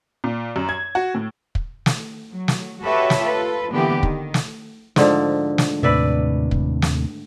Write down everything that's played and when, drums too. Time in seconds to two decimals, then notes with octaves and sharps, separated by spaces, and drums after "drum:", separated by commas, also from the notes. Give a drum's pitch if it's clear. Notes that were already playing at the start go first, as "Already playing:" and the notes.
0.24 A#2
0.56 F#2
0.69 G#6
0.95 F#4
1.15 A2
1.55 drum: kick
1.86 drum: snare
2.32 F#3
2.48 drum: snare
2.83 F#4 G4 A4 B4 C#5 E5
3.10 drum: snare
3.19 F4 A4 B4
3.73 D3 E3 A#3 B3 G4
4.03 D#3, drum: kick
4.34 drum: snare
4.96 G#2 D3 F3, drum: snare
5.58 drum: snare
5.83 D#2 A2 C3 B4 D5 E5
6.51 drum: kick
6.82 drum: snare